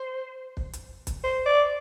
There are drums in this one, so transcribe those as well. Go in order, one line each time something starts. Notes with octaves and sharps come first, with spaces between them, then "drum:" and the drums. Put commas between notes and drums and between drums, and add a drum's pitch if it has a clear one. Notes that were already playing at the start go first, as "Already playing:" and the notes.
Already playing: C5
drum: kick
drum: hi-hat
drum: kick, hi-hat
C5
D5